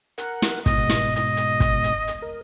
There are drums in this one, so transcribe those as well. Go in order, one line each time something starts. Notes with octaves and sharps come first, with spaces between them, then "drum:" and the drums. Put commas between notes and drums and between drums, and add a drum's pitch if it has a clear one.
A#4 F#5, drum: hi-hat
drum: snare
G#2 B2 D#5, drum: kick, hi-hat
drum: snare
D#5, drum: hi-hat
drum: hi-hat
drum: kick, hi-hat
drum: hi-hat
drum: hi-hat
A#4